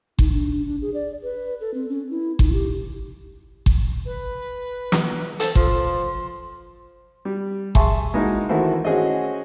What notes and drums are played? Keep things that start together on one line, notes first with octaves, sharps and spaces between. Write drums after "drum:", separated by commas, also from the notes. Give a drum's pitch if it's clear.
D#4, drum: kick G1
D4
D4
G#4
D5
B4
A4
C4
C#4
E4
D#4, drum: kick G1
G4
drum: kick G1
B4
drum: snare
A4 C5, drum: hi-hat
F3 C6, drum: kick G1
G3
G#4 E5 G#5 A5 C6 C#6, drum: kick G1
G#3 A#3 D#4 E4 F#4 A#4
D#3 E3 A3 E4 F#4 C5
C#4 F#4 G#4 C5 D#5